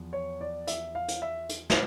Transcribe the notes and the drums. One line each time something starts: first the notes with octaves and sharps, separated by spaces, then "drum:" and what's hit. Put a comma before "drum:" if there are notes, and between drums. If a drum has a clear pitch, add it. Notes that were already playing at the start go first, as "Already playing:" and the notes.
Already playing: E2 F3
C#5
D5
E5, drum: hi-hat
F5
drum: hi-hat
E5
drum: hi-hat
drum: snare